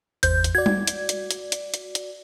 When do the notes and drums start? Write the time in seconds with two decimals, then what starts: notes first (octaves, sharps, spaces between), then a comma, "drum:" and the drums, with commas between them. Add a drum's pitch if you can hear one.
0.23 G#1 E2 C5 G6, drum: hi-hat
0.44 drum: hi-hat
0.55 F#4 D5 G#6
0.66 drum: tom G3
0.87 drum: hi-hat
1.09 drum: hi-hat
1.31 drum: hi-hat
1.52 drum: hi-hat
1.74 drum: hi-hat
1.95 drum: hi-hat